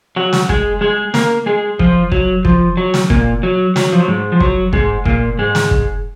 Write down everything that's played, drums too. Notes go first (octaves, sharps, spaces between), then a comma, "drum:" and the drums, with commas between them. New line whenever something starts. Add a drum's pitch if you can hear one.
F#3 F#4
drum: snare
G#3 G#4, drum: kick
G#3 G#4
A#3 A#4, drum: snare
G#3 G#4
F3 F4, drum: kick
F#3, drum: kick
F3, drum: kick
F#3
drum: snare
A#2 A#3, drum: kick
F#3
F#3, drum: snare
F3
F#3
G#2 G#3
F3
F#3, drum: kick
G#2 G#3, drum: kick
A#2 A#3, drum: kick
G#2 G#3
drum: snare
drum: kick